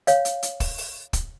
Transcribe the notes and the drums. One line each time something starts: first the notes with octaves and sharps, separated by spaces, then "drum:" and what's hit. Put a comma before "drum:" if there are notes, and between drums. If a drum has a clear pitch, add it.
C#5 F5, drum: hi-hat
drum: hi-hat
drum: hi-hat
drum: kick, open hi-hat
drum: open hi-hat
drum: kick, hi-hat